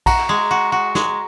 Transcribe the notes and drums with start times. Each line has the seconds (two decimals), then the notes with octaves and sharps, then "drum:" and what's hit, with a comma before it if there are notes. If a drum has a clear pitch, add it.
0.06 F#4 A#5, drum: kick A#1, cymbal
0.29 G#3
0.51 F#4
0.72 F#4
0.95 G#3, drum: snare